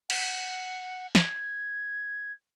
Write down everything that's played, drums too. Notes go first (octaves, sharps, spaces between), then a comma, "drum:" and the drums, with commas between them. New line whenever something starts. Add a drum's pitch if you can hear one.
F#5, drum: cymbal
G#6, drum: snare